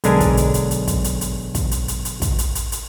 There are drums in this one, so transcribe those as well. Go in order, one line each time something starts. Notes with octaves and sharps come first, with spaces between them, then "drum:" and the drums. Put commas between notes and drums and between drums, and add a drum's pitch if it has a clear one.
B1 D3 G#3 D4 A#4 G#5, drum: hi-hat
drum: kick, hi-hat
drum: hi-hat
drum: hi-hat
drum: hi-hat
drum: kick, hi-hat
drum: hi-hat
drum: hi-hat
drum: kick, hi-hat
drum: hi-hat
drum: hi-hat
drum: hi-hat
drum: kick, hi-hat
drum: hi-hat
drum: hi-hat
drum: hi-hat